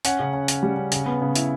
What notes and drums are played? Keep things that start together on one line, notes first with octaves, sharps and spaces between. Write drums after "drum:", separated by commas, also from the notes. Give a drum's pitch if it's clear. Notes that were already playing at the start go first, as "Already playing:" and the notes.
C#4 F#5, drum: hi-hat
C#3
C#4
C#4, drum: hi-hat
G3
C#4
C#3, drum: hi-hat
B3
C#3
E4, drum: hi-hat